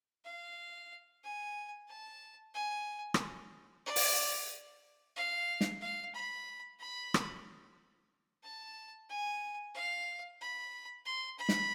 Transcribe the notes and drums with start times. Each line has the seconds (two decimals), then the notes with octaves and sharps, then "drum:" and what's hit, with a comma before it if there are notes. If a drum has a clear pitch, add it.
0.25 F5
1.24 G#5
1.88 A5
2.54 G#5
3.14 drum: rim click
3.86 D5
3.96 drum: open hi-hat
5.16 F5
5.61 drum: snare
5.81 F5
6.15 B5
6.80 B5
7.14 drum: rim click
8.43 A5
9.10 G#5
9.75 F5
10.41 B5
11.06 C6
11.39 B5
11.49 drum: snare